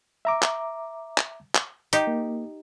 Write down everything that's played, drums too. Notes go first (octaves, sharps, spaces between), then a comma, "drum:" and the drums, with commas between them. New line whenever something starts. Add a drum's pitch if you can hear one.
E5 A#5 D6
drum: clap
drum: clap
drum: clap
D#4 G4, drum: hi-hat
A#3